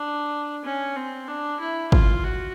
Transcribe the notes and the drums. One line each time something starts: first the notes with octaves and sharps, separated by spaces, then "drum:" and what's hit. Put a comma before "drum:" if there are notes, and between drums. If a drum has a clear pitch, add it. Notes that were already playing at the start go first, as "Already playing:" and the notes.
Already playing: D4
C#4
C4
D4
E4
F4, drum: kick
F#4